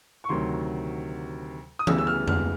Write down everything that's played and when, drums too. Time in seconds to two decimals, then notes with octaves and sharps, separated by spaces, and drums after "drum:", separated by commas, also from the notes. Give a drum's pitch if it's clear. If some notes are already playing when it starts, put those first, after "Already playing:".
0.24 C#6
0.29 D2 C3 D#3 F#3 C6
1.79 D#6
1.87 D2 C#3 E3 G3 B3 E6, drum: tom E3
1.98 E6
2.07 F6
2.28 F6, drum: tom F2